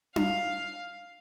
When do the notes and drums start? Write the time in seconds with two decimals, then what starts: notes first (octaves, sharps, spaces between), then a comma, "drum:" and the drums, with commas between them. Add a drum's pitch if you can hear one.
0.16 F5, drum: tom D4